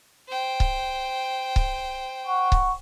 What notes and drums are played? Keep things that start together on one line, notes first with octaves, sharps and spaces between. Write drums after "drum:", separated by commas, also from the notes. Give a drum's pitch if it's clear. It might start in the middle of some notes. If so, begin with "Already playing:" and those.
C5 G5
drum: kick C#1
drum: kick C#1
F#5 C#6
drum: kick C#1